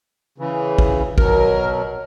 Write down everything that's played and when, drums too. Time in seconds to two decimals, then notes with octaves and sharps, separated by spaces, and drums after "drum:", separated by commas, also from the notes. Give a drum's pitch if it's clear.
0.38 C#3 E3
0.78 drum: kick
1.18 B2 F#3 A#4, drum: kick